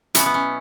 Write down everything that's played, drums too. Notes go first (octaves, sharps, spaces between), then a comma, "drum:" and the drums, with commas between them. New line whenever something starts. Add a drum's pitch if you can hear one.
B2 F#3 B3 C#4 E4, drum: hi-hat
B3
C#4